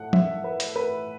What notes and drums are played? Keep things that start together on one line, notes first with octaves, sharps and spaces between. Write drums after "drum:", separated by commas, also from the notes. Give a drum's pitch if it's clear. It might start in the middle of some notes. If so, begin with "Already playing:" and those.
Already playing: A2 A3 F#5
E5, drum: tom
B4
drum: hi-hat
B4